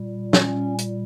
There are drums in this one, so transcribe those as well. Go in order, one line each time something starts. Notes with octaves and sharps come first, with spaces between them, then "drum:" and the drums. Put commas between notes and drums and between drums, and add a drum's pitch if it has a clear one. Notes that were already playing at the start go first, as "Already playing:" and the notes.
Already playing: A#2 G3
C#4, drum: snare
drum: hi-hat